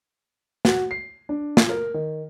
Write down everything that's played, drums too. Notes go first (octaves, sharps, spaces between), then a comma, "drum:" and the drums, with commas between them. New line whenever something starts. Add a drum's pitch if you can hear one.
F#4, drum: snare
C7
D4
F4, drum: snare
A#4
D#3